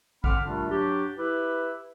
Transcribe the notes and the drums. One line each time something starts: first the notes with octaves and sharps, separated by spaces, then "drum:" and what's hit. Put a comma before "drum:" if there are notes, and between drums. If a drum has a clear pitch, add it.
D3 C4 F#5 B5 D6 F6, drum: kick A1
C3 D#3 G3 A3 D4 F4
F#3 D4 G4
E4 G4 B4